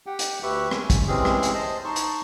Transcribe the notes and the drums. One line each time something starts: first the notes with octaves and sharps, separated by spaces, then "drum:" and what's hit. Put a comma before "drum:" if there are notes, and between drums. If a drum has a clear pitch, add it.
G4 F#5 G5
drum: hi-hat
D2 G4 B4 E5 C#6 F#6
C#4 G#5, drum: rim click
drum: kick, hi-hat
C3 E3 G#3 C4 C#4 G#4
drum: rim click
drum: hi-hat
C5 D#5 A5
D#4 A5 C6 C#6
drum: hi-hat